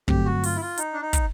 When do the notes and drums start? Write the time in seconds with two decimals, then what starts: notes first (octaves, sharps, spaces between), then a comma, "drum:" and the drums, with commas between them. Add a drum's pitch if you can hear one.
0.08 G2 D3 F#3 A3 C4 G4, drum: kick
0.26 F#4
0.44 F4, drum: open hi-hat
0.56 E4
0.61 F4
0.77 D#4, drum: hi-hat
0.93 D4
1.01 D#4
1.13 drum: kick, hi-hat